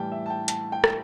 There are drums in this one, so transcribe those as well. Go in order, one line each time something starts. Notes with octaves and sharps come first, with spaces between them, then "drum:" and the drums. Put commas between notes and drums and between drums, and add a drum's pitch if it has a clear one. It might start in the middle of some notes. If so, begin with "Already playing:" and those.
Already playing: A2 E3 G3 G5 A5
E5
A5
G5
A5, drum: hi-hat
G5
drum: rim click